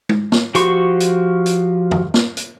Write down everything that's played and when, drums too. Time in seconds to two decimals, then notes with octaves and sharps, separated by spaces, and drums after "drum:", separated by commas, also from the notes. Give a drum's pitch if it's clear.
0.09 drum: tom G#3
0.32 drum: snare
0.55 F3 F#4 G4 C6 C#6, drum: hi-hat
1.00 drum: hi-hat
1.46 drum: hi-hat
1.91 drum: tom
2.14 drum: snare
2.37 drum: hi-hat